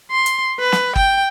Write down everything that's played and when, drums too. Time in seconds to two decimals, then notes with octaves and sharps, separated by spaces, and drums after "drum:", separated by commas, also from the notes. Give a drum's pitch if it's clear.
0.11 C6
0.26 drum: hi-hat
0.59 B4
0.72 drum: snare
0.96 G5, drum: kick